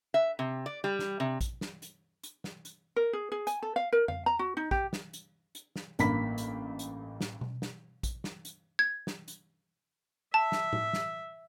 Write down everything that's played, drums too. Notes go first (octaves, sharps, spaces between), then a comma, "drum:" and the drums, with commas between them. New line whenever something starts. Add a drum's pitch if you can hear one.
E5
C3
D5
G3
drum: snare
C3
drum: kick, hi-hat
drum: snare
drum: hi-hat
drum: hi-hat
drum: snare
drum: hi-hat
A#4
G#4
G#4
G#5, drum: hi-hat
A4
F5
A#4
F5, drum: tom F2
A#5
F#4
D#4
G4, drum: kick
drum: snare
drum: hi-hat
drum: hi-hat
drum: snare
A1 G2 A#3 B5 B6, drum: hi-hat
drum: hi-hat
drum: hi-hat
drum: snare
drum: tom B2
drum: snare
drum: kick, hi-hat
drum: snare
drum: hi-hat
G#6
drum: snare
drum: hi-hat
E5 A5
drum: snare
drum: tom A2
drum: snare